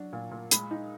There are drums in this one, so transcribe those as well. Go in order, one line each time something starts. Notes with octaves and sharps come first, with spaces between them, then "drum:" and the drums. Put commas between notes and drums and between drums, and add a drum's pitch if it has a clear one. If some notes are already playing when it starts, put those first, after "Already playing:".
Already playing: F#3 D4
A#2
A#2
G#3 B5, drum: hi-hat
D#4